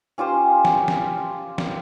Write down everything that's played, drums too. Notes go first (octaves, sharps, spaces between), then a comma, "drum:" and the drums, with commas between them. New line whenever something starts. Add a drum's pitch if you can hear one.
C#4 F4 G4 C5
drum: snare
drum: snare
drum: snare